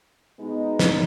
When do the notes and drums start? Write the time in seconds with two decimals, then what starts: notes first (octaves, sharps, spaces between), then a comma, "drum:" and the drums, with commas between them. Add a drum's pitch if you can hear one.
0.38 B2 G#3 B3 D#4
0.79 drum: snare